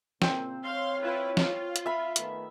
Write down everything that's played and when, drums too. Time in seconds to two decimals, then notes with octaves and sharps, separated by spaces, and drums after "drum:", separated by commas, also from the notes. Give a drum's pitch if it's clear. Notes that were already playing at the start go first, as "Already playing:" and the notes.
0.22 A#2 C#3 A#3 C4, drum: snare
0.65 C#5 F5 C6
1.02 E4 F4 B4
1.37 F4, drum: snare
1.76 drum: hi-hat
1.86 E5 B5
2.16 D#3 A3 B3, drum: hi-hat